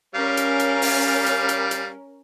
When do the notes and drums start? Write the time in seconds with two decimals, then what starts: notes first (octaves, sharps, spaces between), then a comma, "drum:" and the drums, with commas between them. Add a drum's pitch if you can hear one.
0.15 G3 C#4 A#4 F5
0.37 drum: hi-hat
0.59 drum: hi-hat
0.82 drum: open hi-hat
1.26 drum: hi-hat
1.49 drum: hi-hat
1.71 drum: hi-hat